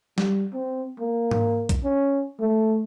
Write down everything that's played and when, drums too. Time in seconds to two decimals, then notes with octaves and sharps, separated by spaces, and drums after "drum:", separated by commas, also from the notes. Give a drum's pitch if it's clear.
0.18 G3, drum: snare
0.53 C4
1.00 A#3
1.31 drum: tom G#2
1.69 drum: kick B1, hi-hat
1.84 C#4
2.40 A3